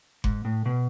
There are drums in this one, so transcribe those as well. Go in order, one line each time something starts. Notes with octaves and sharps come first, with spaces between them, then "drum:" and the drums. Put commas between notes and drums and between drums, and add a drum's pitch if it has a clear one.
G#2, drum: kick F#1
A2
B2